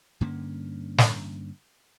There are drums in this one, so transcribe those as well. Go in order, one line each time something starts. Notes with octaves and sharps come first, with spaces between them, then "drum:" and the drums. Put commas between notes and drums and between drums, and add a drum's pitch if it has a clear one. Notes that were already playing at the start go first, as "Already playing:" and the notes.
G2 D3 A#3 C#4
drum: snare